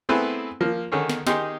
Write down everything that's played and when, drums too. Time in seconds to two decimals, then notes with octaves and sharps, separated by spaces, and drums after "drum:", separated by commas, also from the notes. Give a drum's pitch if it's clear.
0.09 A3 B3 C4 E4 G#4 B4
0.61 F3 A#3
0.92 D3 D#3 G#4 C#5
1.09 drum: snare
1.27 D#3 D#4 G4 G#4 C6, drum: snare